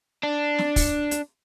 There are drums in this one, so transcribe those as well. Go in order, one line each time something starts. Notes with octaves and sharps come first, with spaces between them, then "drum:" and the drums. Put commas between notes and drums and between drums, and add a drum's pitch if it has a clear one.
D4
drum: snare
drum: kick, open hi-hat
drum: hi-hat